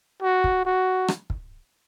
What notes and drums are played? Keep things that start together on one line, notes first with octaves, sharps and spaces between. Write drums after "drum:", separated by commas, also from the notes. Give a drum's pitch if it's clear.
F#4
drum: kick
F#4
drum: rim click
drum: kick